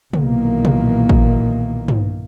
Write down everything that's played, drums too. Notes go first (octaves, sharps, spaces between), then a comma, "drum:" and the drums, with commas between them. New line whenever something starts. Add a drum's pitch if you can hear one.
B1 A#2 D#3 E3 A#3, drum: tom
drum: tom
drum: kick
drum: tom